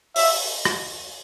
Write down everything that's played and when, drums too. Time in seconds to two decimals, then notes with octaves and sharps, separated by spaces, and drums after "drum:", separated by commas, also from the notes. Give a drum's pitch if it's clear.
0.16 E5, drum: open hi-hat
0.65 drum: rim click